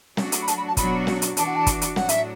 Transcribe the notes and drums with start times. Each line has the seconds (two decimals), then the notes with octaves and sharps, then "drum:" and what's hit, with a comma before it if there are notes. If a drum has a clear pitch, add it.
0.17 F#3 A3 D4 F#4, drum: snare
0.32 drum: hi-hat
0.42 B5
0.48 A5, drum: hi-hat
0.57 B5
0.67 A5
0.77 B2 F#3 D4 F#4 B5, drum: kick, hi-hat
1.07 drum: snare
1.22 drum: hi-hat
1.37 E3 D4 F#4 A5, drum: hi-hat
1.46 F#5
1.55 A5
1.67 drum: kick, hi-hat
1.81 drum: hi-hat
1.96 A2 F#3 D4 F#4 F#5, drum: snare
2.09 E5, drum: hi-hat